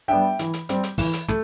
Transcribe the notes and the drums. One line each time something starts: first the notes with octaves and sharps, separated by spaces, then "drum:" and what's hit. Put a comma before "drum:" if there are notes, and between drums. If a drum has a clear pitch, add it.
G3 B3 D4 E5 G5
E3, drum: hi-hat
drum: hi-hat
G3 C4, drum: hi-hat
drum: hi-hat
E3, drum: kick, open hi-hat
drum: hi-hat
A3, drum: snare